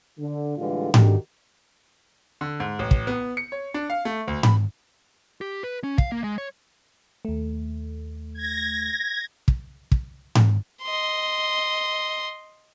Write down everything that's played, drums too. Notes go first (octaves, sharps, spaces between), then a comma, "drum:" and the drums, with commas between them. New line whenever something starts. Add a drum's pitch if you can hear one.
D3
A2 D3 E3 G3 G#3 F4
D3 D#3 D4 F#4 G4, drum: tom G#2
D3
G#2
A1
drum: kick
B3
C#7
C#5
D4
F5
A3
D2
B5, drum: tom G#2
G4
B4
C#4
F5, drum: kick
A#3
G#3
C#5
D#2 A3
G#6 A#6
drum: kick
drum: kick
drum: tom G#2
D#5 C6